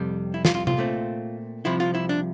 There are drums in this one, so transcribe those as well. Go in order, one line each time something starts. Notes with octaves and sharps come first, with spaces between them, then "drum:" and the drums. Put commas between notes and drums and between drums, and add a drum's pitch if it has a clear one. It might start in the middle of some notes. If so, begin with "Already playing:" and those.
Already playing: F2 C3 G3
E4
F4, drum: snare
F4
F4, drum: tom C3
A#2 A3 C4
C2 C3 F3 E4
F4
E4
D4